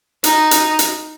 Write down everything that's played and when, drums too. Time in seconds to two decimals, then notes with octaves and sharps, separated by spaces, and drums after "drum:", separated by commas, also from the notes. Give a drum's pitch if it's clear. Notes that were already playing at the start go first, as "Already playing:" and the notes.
0.24 D#4, drum: hi-hat
0.51 drum: hi-hat
0.79 drum: hi-hat